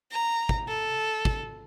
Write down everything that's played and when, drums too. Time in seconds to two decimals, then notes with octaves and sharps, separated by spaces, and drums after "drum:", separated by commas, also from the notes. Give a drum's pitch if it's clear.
0.11 A#5
0.49 drum: kick
0.68 A4
1.25 drum: kick